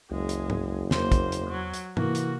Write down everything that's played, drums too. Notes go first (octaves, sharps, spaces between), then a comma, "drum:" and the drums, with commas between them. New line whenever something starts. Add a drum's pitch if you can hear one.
F#1 C#2 G#3
drum: hi-hat
drum: tom
E2 A#3 C5, drum: snare
drum: kick, hi-hat
drum: hi-hat
F#3
drum: hi-hat
C3 E3 A#3 F#4, drum: tom
drum: hi-hat